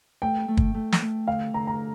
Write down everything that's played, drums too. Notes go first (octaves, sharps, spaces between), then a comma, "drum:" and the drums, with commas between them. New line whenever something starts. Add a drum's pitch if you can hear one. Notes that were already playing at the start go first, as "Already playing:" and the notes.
A3 G5
A3
drum: kick
A3
drum: snare
A3
D3 F5
D3 A#5
A#5